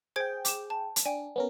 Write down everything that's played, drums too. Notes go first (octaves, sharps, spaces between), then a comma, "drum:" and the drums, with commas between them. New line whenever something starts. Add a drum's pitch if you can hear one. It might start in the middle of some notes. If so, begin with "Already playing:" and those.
G#4 C5 G5 G#6 D7
D6 E7, drum: hi-hat
A5
drum: hi-hat
D4 G5 G#5
B3 C#4 A#4